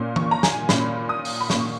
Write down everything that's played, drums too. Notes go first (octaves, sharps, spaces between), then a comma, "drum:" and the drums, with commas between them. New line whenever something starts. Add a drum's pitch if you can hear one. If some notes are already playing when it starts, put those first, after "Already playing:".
Already playing: A#2 A#3 C#4
C#6, drum: tom E3
A#5
G#5, drum: snare
A#2 A#3 C#4 B5, drum: snare
D#6
drum: open hi-hat
B5
A#2 A#3 C#4 C#6, drum: snare